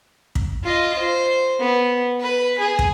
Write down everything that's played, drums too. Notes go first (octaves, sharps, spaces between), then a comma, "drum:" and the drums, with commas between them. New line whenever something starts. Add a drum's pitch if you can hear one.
drum: kick
F4 D#5
C5
B3
B4
G#4
drum: kick